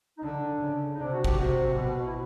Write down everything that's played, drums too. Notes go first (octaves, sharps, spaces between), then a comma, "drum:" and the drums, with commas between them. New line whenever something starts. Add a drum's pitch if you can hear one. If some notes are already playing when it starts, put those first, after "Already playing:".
D#4
D3 D4
C#3
D#4
C3 D4
F#4
G4, drum: kick
C3 F#4
B2
E4